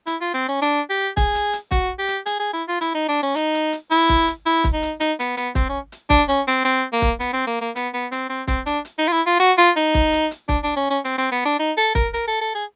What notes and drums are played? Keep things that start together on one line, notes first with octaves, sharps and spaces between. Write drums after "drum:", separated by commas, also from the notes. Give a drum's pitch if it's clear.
E4, drum: hi-hat
F4
C4
C#4
D4, drum: hi-hat
G4
G#4, drum: kick, hi-hat
drum: hi-hat
drum: hi-hat
F#4, drum: kick, hi-hat
G4
drum: hi-hat
G#4, drum: hi-hat
G#4
E4
F4
E4, drum: hi-hat
D#4
D4
C#4
D#4, drum: hi-hat
drum: hi-hat
drum: hi-hat
E4, drum: hi-hat
drum: kick, hi-hat
drum: hi-hat
E4, drum: hi-hat
drum: kick, hi-hat
D#4
drum: hi-hat
D#4, drum: hi-hat
B3, drum: hi-hat
B3, drum: hi-hat
C4, drum: kick, hi-hat
C#4
drum: hi-hat
D4, drum: kick, hi-hat
C#4, drum: hi-hat
C4, drum: hi-hat
C4, drum: hi-hat
A#3
drum: kick, hi-hat
B3, drum: hi-hat
C4
A#3
A#3
B3, drum: hi-hat
B3
C4, drum: hi-hat
C4
C4, drum: kick, hi-hat
D4, drum: hi-hat
drum: hi-hat
D#4
F4
E4
F4
F#4, drum: hi-hat
F4, drum: hi-hat
D#4, drum: hi-hat
drum: kick, hi-hat
drum: hi-hat
drum: hi-hat
D4, drum: kick, hi-hat
D4
C#4
C#4
C4, drum: hi-hat
C4
B3
D4
D#4
A4, drum: hi-hat
A#4, drum: kick, hi-hat
A#4, drum: hi-hat
A4
A4
G#4